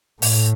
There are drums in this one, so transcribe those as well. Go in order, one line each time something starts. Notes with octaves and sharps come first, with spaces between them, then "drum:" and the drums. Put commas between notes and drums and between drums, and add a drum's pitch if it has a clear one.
A2, drum: open hi-hat